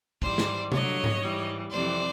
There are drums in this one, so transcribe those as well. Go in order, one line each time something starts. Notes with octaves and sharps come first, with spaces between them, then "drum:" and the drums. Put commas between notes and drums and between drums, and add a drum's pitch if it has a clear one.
G#2 E3 G3 C5 D5, drum: kick
drum: snare
G2 D3 F#3 C#5 D#5, drum: tom C3
drum: tom G#2
G#2 E3 G3
F2 C3 E3 G3 C5 D5